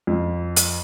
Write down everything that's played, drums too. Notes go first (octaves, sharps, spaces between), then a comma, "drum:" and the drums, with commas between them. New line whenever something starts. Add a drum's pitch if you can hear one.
F2
drum: hi-hat